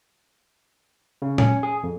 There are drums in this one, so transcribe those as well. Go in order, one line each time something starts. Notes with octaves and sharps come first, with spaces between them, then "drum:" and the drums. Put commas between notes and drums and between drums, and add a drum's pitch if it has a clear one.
C#3
C#4, drum: tom A#2
G#4
F2